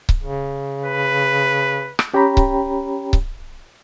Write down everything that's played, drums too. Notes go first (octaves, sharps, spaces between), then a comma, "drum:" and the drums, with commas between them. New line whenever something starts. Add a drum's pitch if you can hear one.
drum: kick C#1
C#3
B4
drum: rim click
C#4 G4 C#5 G5 A#5 B5
drum: kick C#1
drum: kick C#1